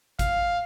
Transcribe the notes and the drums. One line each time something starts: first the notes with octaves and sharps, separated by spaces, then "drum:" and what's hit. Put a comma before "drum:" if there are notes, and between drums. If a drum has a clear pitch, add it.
F5, drum: kick G#1, hi-hat